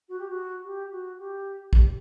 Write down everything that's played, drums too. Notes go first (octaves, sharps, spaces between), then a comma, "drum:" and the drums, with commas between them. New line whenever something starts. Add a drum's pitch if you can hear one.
F#4
G4
F#4
G4
F#4
G4
G4, drum: kick